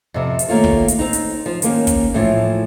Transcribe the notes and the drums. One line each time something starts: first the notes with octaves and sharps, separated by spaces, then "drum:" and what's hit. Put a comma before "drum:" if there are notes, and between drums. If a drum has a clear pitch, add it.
F2 C3
drum: hi-hat
D#3 A3 A#3 F4 C#5
drum: kick
drum: hi-hat
C4 D#4
drum: hi-hat
F3
D#3 A#3 C#4, drum: hi-hat
drum: kick, hi-hat
A2 E3 F3